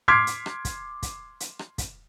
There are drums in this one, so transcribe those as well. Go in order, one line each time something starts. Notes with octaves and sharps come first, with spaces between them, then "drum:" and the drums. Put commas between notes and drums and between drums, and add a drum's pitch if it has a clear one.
C6 D6 F6 G#6 B6 C7
drum: hi-hat
drum: rim click
drum: kick, hi-hat
drum: kick, hi-hat
drum: hi-hat
drum: rim click
drum: kick, hi-hat